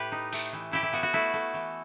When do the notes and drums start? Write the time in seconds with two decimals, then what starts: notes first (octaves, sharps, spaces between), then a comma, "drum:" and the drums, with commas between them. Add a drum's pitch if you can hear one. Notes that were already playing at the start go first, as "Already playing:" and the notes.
Already playing: A2 G4 B4
0.12 D#4
0.33 A3, drum: tambourine
0.53 E3
0.71 A2 E4 G4
0.83 E4
0.93 B3 F#4
1.03 F#4
1.13 A3 E4
1.33 A3
1.54 E3